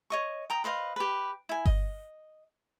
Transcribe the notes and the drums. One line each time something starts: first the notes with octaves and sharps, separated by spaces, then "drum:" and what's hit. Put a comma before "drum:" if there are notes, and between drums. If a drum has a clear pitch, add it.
C#5 D#5 C#6
G5 A#5 D#6
B4 C5 D#5 F5
G4 B4
E4 G#5
D#5, drum: kick G1